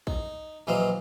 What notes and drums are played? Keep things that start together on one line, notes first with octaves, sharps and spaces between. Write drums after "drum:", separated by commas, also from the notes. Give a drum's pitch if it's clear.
D#4, drum: kick A#1
A#1 E3 F#3 C5 D#5 F5